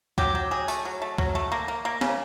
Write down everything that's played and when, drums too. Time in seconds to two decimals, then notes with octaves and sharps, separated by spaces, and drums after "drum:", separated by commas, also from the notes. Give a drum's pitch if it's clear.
0.18 F#3 G4, drum: kick
0.35 F#3
0.51 F#3 G#4
0.68 A3, drum: tambourine
0.85 F#3
1.02 A3
1.18 F#3, drum: kick
1.35 A3
1.52 A#3
1.68 A#3
1.85 A#3
2.01 C#3, drum: snare